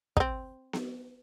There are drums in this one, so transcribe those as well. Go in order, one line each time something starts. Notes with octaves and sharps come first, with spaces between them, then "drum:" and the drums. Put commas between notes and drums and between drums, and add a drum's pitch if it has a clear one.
D#4, drum: kick
C4
drum: snare B3